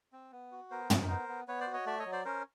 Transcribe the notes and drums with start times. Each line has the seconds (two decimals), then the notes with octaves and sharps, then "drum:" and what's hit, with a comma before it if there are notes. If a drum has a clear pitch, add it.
0.13 C4
0.32 B3
0.52 F#4
0.71 B3 A#4 C5
0.90 D#4, drum: tom
1.10 B3
1.29 B3
1.48 B3 B4 C#5
1.60 C5 D5
1.67 F#4
1.73 C#5 D#5
1.86 A3 D5 E5
1.99 C#5 D#5
2.06 F#3
2.12 C5 D5
2.25 C#4 A#4 C5